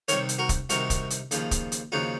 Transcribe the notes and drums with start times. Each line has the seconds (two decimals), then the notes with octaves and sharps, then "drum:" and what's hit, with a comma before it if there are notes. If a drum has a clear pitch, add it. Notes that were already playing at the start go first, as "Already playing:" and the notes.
0.08 C2 C3 D#3 A#4 C#5, drum: hi-hat
0.29 drum: hi-hat
0.39 F#4 A#4
0.49 drum: kick, hi-hat
0.69 C2 C3 D#3 F#4 A#4, drum: hi-hat
0.90 drum: kick, hi-hat
1.10 drum: hi-hat
1.31 D#2 C#3 F3, drum: hi-hat
1.51 drum: kick, hi-hat
1.72 drum: hi-hat
1.92 D#2 C#3 F3 D#4 F#4